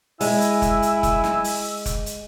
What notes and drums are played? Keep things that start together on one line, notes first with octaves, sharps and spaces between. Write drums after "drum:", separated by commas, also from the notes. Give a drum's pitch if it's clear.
G#3 E4 G#5 E6, drum: open hi-hat
drum: hi-hat
drum: kick F1, hi-hat
drum: hi-hat
drum: kick F1, hi-hat
drum: snare
drum: open hi-hat
drum: kick F1, hi-hat
drum: hi-hat